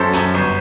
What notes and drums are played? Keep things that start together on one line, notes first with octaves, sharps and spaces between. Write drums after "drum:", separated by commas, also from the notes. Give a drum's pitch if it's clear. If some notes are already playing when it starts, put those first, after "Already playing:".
Already playing: F#2 A4 C5
F#2, drum: hi-hat
G1